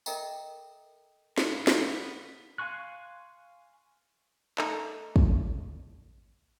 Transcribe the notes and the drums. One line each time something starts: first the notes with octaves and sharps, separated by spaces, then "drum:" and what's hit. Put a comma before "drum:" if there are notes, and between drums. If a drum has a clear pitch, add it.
A4 A#4 D#5 E5 G5 A#5, drum: tambourine
B3 F5, drum: snare
drum: snare
F5 G#5 C6 C#6 F#6
A3 D#4, drum: clap
drum: kick